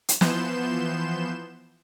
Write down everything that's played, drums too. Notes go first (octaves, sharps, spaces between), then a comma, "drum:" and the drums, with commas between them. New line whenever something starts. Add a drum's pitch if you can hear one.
drum: hi-hat
E3 F3 B3 C6 G6 E7, drum: snare